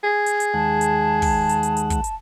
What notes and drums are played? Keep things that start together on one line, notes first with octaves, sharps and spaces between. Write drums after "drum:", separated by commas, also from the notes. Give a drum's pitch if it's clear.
G#4
drum: hi-hat
drum: hi-hat
D#2 G#3 F#5 A5
drum: hi-hat
drum: kick, open hi-hat
drum: hi-hat
drum: hi-hat
drum: hi-hat
drum: kick, hi-hat
drum: hi-hat